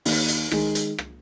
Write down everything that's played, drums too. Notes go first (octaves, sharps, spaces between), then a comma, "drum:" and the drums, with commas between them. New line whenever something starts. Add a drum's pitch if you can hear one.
D#2, drum: open hi-hat
drum: hi-hat
D#3 G#3, drum: rim click
drum: hi-hat
drum: rim click